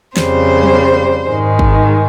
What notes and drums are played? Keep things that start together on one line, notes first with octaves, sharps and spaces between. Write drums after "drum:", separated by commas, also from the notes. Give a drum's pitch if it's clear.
F2 C#3 G3 C5, drum: snare
drum: tom F#3
G#2 D#3 G#3
drum: kick